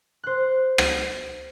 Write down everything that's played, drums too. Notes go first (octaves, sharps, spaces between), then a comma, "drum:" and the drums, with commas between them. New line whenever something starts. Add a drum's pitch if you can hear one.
C5 F#6
drum: rim click